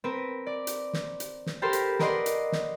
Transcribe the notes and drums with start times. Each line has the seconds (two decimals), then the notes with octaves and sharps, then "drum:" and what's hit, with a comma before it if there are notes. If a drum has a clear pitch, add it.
0.04 C4 A#4 B4
0.46 D5
0.67 drum: hi-hat
0.93 drum: snare
1.20 drum: hi-hat
1.46 drum: snare
1.62 G4 A4 A#4 C5 B5 C6
1.73 drum: hi-hat
1.99 A#4 B4 D5 D#5 F#5 C6, drum: snare
2.26 drum: hi-hat
2.52 drum: snare